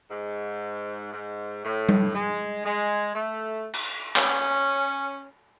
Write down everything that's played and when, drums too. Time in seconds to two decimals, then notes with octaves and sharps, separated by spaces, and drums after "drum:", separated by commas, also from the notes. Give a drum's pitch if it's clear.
0.10 G#2
1.13 G#2
1.64 A2
1.89 drum: tom G3
2.14 G#3
2.65 G#3
3.15 A3
3.73 drum: cymbal
4.16 C#4, drum: clap